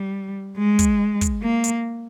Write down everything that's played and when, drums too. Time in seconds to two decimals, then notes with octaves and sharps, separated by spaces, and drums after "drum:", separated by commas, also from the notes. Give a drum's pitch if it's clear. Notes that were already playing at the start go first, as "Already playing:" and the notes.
Already playing: G3
0.58 G#3
0.79 drum: kick, hi-hat
1.21 drum: kick, hi-hat
1.43 A#3
1.64 drum: hi-hat